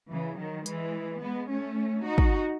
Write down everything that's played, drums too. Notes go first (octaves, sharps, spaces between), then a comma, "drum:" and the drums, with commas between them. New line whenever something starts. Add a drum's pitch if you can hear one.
C#3 E3
D#3 F#3
E3 G#3, drum: hi-hat
G#3 B3
A3 C#4
D#4 F#4
drum: kick